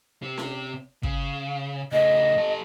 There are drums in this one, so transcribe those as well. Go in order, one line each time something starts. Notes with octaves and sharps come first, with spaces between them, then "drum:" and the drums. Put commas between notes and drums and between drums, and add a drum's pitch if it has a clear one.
C3 C4
drum: snare C#4
C#3, drum: kick
C#3 A3 D#5
G3 A4